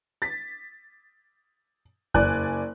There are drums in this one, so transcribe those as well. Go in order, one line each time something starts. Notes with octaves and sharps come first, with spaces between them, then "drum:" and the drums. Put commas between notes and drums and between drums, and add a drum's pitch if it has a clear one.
A6 B6
F#1 D5 G#5 F#6, drum: kick F2